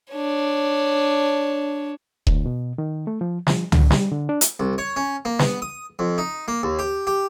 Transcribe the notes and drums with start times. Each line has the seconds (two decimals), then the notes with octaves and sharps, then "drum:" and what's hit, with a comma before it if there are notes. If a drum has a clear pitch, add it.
0.12 D4 C#5
2.27 D2, drum: kick E1
2.46 B2
2.78 D#3
3.07 A3
3.21 F3
3.47 F3, drum: snare
3.72 D3, drum: tom
3.91 G3, drum: snare
4.12 D3
4.29 D4
4.41 drum: hi-hat
4.60 C2
4.78 C#5
4.96 C#4
5.25 A#3
5.39 B3, drum: snare
5.62 D#6
5.99 F2
6.18 D#4
6.48 A#3
6.63 D#2
6.79 G4
7.07 G4